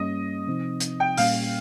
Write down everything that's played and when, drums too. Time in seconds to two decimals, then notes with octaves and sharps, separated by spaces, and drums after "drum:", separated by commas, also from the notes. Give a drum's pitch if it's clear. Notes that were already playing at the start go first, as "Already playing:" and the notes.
Already playing: G2 G3 A#3 C#4 D#5
0.47 C3 F3 C4 D#4
0.80 drum: hi-hat
1.00 G5
1.17 A#2 G3 A#3 C#4 F5, drum: open hi-hat